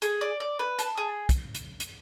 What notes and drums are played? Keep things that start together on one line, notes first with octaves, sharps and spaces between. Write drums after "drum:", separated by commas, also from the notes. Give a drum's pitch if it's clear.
G#4, drum: hi-hat
D5
D5
B4
A5, drum: hi-hat
G#4
drum: kick, hi-hat
drum: hi-hat
drum: hi-hat